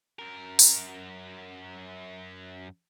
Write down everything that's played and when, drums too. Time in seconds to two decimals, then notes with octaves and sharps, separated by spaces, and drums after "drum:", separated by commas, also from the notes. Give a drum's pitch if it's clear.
0.19 F#2 A#4
0.59 drum: open hi-hat